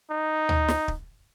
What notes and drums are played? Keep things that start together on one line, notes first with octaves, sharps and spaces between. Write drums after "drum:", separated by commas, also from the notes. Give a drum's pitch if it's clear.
D#4
drum: tom
drum: snare
drum: kick